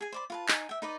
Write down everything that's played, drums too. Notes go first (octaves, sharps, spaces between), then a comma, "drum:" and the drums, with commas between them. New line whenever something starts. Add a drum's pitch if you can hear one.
G#4 G#5
C5 D5 B5
F4 B4 A5
D#4 G#5, drum: clap
E5 G5
D#4 B4 D5 D#5